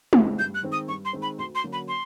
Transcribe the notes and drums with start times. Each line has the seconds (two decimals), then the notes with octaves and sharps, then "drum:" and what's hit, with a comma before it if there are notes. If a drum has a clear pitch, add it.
0.13 C#3 E3 G#3 C4, drum: tom G#3
0.39 G2 G6
0.55 F#6
0.63 D#3 G#3 C4
0.72 D#6
0.88 G2 C#6
1.05 C6
1.13 D#3 G#3 C4
1.22 B5
1.38 D2 C6
1.55 C6
1.63 D3 F#3 A#3 C#4
1.73 B5
1.88 C6